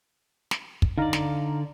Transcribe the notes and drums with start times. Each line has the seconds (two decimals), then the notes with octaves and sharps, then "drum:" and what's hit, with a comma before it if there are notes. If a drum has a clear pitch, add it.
0.51 drum: snare
0.82 drum: kick
0.98 D3 D#4 D5 F5 A#5
1.13 drum: snare